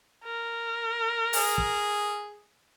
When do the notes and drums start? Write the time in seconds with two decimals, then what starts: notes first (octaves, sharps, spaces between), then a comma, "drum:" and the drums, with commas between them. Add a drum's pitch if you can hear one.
0.24 A#4
1.33 G#4, drum: open hi-hat
1.58 drum: kick